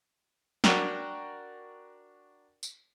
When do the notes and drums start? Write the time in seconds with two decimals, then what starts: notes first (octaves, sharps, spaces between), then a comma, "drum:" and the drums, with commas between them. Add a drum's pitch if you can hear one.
0.64 D4 F#4 A#4 G5, drum: snare
2.63 drum: tambourine